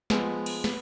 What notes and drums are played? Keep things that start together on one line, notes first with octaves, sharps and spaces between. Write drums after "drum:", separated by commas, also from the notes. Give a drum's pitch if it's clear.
F3 G#3 B3, drum: snare
drum: cymbal
B3, drum: snare